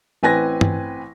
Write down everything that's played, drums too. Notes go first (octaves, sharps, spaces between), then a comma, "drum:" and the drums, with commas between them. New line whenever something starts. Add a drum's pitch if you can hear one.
A1 C4 B4 G#5 G#6 A#6
drum: tom